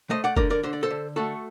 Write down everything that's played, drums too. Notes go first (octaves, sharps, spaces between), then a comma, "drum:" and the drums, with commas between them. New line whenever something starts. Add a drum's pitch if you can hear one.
A3 C5 D#5
D5 F#5
D3 A#4 D5, drum: kick
A#4 D5
D3 C5
D5
A4 C5
D3
A3 F#4 A4